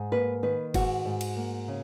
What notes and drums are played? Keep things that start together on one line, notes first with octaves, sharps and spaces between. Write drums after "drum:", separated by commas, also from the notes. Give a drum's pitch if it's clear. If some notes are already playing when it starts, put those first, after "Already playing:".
Already playing: G#2
A#3 B4
D#3 B4
G#2 F#4, drum: kick F#1, cymbal
G#2
drum: cymbal
A#3
C#3